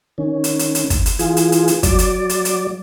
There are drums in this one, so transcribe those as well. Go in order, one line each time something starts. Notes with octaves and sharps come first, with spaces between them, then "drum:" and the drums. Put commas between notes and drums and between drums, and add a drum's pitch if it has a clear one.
D#3 C#4
drum: hi-hat
drum: hi-hat
drum: hi-hat
drum: kick, hi-hat
drum: hi-hat
E3 F4 G#4, drum: hi-hat
drum: hi-hat
drum: hi-hat
drum: hi-hat
F#3 D5, drum: kick, hi-hat
drum: hi-hat
drum: hi-hat
drum: hi-hat